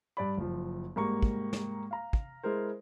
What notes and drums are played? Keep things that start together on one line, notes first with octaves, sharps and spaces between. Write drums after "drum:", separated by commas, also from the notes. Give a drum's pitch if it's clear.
G2 D5 B5
F#1 F3
G#2 G3 A#3 A#5 C#6
drum: kick
drum: snare
F5 A#5
drum: kick
G#3 E4 A#4 C5